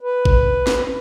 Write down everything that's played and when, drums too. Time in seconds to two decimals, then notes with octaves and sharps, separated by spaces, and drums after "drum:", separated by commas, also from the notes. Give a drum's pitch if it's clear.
0.01 B4
0.25 drum: kick G#1
0.67 drum: snare